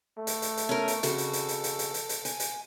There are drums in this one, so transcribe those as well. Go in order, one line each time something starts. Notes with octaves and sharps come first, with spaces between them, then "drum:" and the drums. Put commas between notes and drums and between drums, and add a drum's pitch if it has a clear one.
A3
drum: hi-hat
drum: hi-hat
drum: hi-hat
C#4 A#4
drum: hi-hat
F2 C#3 F#4 A4, drum: hi-hat
drum: hi-hat
drum: hi-hat
drum: hi-hat
drum: hi-hat
drum: hi-hat
drum: hi-hat
drum: hi-hat
G#5, drum: hi-hat
drum: hi-hat